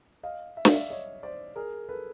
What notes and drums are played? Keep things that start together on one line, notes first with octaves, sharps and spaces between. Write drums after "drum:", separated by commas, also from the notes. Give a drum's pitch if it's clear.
D#5 F5
E5
F5, drum: snare
D5 E5
C#5 D#5
C5 D5
G#4 A#4
A4 B4